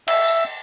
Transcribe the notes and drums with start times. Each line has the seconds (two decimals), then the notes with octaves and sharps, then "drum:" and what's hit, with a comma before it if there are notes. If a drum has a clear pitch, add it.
0.08 E5, drum: cymbal
0.27 drum: tambourine